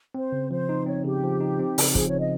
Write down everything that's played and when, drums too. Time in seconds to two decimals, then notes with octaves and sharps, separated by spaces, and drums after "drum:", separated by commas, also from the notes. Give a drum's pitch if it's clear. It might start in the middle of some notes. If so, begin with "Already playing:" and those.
0.15 C4 C5
0.32 C#3
0.51 F3 C5
0.69 D#4
0.86 C4 C#5
1.05 C#3 G4
1.24 F3
1.41 D#4
1.59 C4
1.78 C#3, drum: open hi-hat
1.91 G4
1.95 F3 G#4, drum: kick
2.07 C#5
2.14 C#3
2.19 D#5